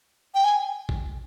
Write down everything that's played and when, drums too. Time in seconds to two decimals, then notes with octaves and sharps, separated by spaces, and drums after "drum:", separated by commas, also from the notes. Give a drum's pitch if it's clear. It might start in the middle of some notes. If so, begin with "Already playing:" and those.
0.35 G5
0.44 G#5
0.89 drum: kick A1